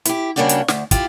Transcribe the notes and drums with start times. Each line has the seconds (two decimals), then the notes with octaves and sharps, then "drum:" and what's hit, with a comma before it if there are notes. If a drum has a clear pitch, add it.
0.05 E4 G4, drum: hi-hat
0.36 C#3 G3 A#3 D4 F#4 G4
0.49 drum: hi-hat
0.68 D2, drum: snare
0.91 E4 F4 G4, drum: kick, hi-hat